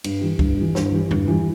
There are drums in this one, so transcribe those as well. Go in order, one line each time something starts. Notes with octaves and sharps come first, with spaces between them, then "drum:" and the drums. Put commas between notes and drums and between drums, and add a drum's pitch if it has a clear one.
G2, drum: cymbal
E3 G3
G2, drum: kick
E3 G3
G2, drum: snare
E3 G3
G2, drum: tom E2
E3 G3